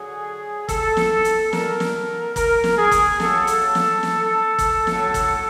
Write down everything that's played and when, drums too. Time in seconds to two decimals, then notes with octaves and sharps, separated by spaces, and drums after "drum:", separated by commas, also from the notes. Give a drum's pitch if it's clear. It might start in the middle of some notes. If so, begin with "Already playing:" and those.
Already playing: D3 F#3 G#4
0.69 A4, drum: kick, hi-hat
0.97 drum: snare
1.25 drum: hi-hat
1.53 D3 G3 A#4, drum: snare
1.80 drum: snare
2.36 A#4, drum: kick, hi-hat
2.64 drum: snare
2.77 G#4
2.92 drum: kick, hi-hat
3.20 C#3 F#3 A4, drum: snare
3.47 drum: hi-hat
3.75 drum: snare
4.03 drum: snare
4.59 drum: kick, hi-hat
4.87 A2 F#3, drum: snare
5.14 drum: kick, hi-hat